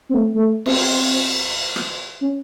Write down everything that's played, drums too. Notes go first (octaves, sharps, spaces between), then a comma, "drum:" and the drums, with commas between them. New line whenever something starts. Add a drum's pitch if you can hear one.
C4
A3
A3
C4, drum: cymbal
drum: rim click
C#4